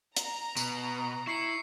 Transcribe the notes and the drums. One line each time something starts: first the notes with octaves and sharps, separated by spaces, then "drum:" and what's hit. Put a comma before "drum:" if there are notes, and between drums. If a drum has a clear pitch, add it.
A#5, drum: hi-hat
B2, drum: tambourine
E4 C#6 C7 C#7